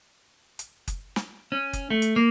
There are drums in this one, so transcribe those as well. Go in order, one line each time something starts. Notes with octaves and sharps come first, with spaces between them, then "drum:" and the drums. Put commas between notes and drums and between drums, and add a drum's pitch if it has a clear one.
drum: hi-hat
drum: kick F#1, hi-hat
drum: snare
C#4
drum: kick F#1, hi-hat
A3
drum: hi-hat
A#3